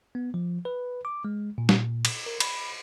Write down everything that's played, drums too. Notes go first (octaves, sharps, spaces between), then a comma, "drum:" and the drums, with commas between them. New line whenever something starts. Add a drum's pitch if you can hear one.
B3
F3
B4
D6
G#3
A#2
drum: snare
drum: cymbal
A#4
B5, drum: cymbal